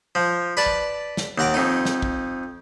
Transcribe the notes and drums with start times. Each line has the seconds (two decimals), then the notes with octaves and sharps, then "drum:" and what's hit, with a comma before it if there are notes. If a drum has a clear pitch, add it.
0.15 F3
0.57 B4 D5 A5
0.66 drum: kick
1.17 drum: snare
1.38 D#2 F#5 A#5 D6
1.54 F2 D#4
1.85 drum: snare
2.02 drum: kick